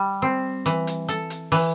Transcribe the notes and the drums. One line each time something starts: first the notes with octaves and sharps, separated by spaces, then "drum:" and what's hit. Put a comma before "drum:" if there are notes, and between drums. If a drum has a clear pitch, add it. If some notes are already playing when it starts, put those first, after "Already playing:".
Already playing: G3
C4
E3, drum: hi-hat
drum: hi-hat
A4, drum: hi-hat
drum: hi-hat
E3, drum: open hi-hat